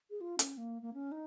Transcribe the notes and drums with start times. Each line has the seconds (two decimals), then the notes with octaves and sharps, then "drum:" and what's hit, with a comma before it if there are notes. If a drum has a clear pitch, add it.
0.10 G#4
0.21 F4
0.39 C#4, drum: hi-hat
0.57 A#3
0.82 A#3
0.94 C#4
1.12 D#4